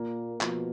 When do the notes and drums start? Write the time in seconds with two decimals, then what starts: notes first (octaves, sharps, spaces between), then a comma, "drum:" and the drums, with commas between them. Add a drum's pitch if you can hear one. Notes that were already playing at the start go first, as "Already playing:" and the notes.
Already playing: A#2 A#3
0.41 B2 F3, drum: clap